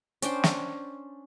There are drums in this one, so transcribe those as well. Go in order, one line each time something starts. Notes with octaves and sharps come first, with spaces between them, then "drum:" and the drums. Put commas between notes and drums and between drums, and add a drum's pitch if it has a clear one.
C#4 D4 C5 G5, drum: hi-hat
drum: snare